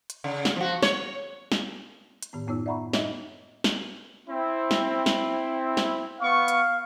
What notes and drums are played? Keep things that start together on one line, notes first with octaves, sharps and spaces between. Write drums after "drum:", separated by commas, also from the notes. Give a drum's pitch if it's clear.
drum: hi-hat
C#3
drum: snare
F3 F#4
C#5, drum: snare
drum: snare
drum: hi-hat
A2 D#3 B3
F#2 B3 D#4 C#5 E6
D5 E5 F#5 A#5 B5 C#6
D#4 C#5 D#5 E5, drum: snare
drum: snare
C4 E4
drum: snare
drum: snare
drum: snare
B3 F5 C#6
drum: hi-hat